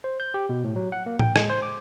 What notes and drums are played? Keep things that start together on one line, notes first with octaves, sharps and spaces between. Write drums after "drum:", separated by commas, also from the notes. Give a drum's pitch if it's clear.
C5
G6
G4
B2
A2
F#3
F#5
A#3
G5, drum: tom A2
G#3, drum: rim click
C5
D6